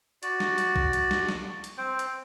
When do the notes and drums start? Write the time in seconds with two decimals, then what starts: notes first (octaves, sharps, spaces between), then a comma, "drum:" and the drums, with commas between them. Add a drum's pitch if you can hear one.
0.23 F#4 D5, drum: hi-hat
0.40 drum: snare
0.58 drum: hi-hat
0.76 drum: kick A#1
0.93 drum: hi-hat
1.11 drum: snare
1.29 drum: snare
1.64 drum: hi-hat
1.78 C4 C5 G5
1.99 drum: hi-hat